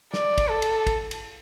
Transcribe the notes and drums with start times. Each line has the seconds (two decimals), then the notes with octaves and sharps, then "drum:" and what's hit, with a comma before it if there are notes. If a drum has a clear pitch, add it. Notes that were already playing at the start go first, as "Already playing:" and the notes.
0.14 D5, drum: snare
0.38 drum: kick, cymbal
0.50 A4
0.62 drum: cymbal
0.87 drum: kick, cymbal
1.11 drum: cymbal